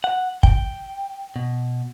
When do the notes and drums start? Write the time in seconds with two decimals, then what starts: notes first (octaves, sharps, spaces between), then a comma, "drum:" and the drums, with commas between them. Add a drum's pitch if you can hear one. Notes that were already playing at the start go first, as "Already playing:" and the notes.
0.04 F#5
0.43 G5, drum: kick
1.36 B2